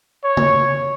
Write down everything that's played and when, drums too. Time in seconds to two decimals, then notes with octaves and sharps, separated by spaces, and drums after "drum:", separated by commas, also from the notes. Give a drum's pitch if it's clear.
0.24 C#5
0.37 drum: tom C#3